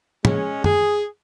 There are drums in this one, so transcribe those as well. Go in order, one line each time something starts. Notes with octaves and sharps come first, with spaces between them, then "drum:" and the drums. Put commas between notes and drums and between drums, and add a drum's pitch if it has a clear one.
G#3 C#4, drum: tom
G#4, drum: tom